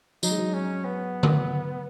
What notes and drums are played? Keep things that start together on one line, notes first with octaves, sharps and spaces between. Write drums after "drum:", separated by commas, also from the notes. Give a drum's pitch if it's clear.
F#3 D#4, drum: tambourine
G#3
F#3
C#4
B3
drum: tom D3